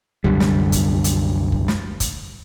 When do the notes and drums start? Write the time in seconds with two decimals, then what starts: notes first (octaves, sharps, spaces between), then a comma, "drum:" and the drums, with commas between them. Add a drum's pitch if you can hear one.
0.24 C2 F#2 D3 G3, drum: kick F#1
0.40 drum: snare
0.72 drum: kick F#1, hi-hat
1.04 drum: hi-hat
1.52 drum: kick F#1
1.68 drum: snare
2.00 drum: kick F#1, hi-hat